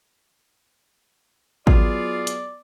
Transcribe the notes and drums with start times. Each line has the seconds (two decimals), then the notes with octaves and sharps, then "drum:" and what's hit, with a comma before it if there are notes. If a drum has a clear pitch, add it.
1.67 F#3 B3 F4 G#4 D5, drum: kick G#1
2.27 drum: hi-hat